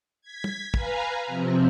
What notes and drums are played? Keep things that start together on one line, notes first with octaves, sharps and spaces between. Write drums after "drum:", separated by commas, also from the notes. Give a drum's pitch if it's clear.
G#6 B6
drum: tom
B4 F5 G#5 A#5, drum: kick
C3 F3 C4